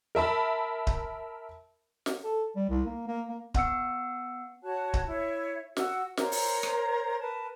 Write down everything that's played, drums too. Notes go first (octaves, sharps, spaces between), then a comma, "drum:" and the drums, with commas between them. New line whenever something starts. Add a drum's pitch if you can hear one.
A#4 E5 A5 B5
drum: kick D1
drum: snare
A4
G3
C2
A#3
A#3
A#3
B3 F#5 E6 C#7, drum: kick D1
F#4 C#5 A5 F#6
drum: kick D1
E4 C#5 E5
F#4 F#5 E6, drum: snare
A#4 C5 C#5 A#5, drum: snare
drum: open hi-hat
drum: rim click
A#4 B4 A5